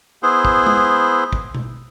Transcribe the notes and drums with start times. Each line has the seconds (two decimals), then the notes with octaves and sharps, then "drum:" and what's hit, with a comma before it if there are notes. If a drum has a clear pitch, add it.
0.23 B3 E4 G#4 C5
0.45 drum: kick
0.67 drum: tom G#3
1.33 drum: kick
1.55 drum: tom B2